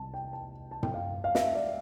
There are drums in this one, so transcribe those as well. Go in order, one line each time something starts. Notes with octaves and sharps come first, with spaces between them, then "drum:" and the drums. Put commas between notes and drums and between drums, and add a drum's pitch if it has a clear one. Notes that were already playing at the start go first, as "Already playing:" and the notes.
Already playing: C2 C3 G3 A5
G5
A5
A5
G5, drum: tom
F5
F5
E5, drum: snare
D5